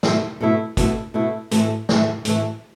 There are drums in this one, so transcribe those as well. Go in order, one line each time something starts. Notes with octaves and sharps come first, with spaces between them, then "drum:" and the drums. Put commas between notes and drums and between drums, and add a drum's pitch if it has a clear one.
B2 A3 E4, drum: snare
B2 A3 E4
B2 A3 E4, drum: kick, hi-hat
B2 A3 E4
A2 E3 A3, drum: hi-hat
A2 E3 A3, drum: snare
A2 E3 A3, drum: hi-hat